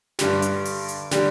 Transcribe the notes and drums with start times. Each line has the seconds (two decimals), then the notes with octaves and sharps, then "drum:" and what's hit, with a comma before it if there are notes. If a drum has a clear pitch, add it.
0.19 G2 D3 G3, drum: snare
0.42 drum: hi-hat
0.65 drum: open hi-hat
0.88 drum: hi-hat
1.11 D3 G3, drum: snare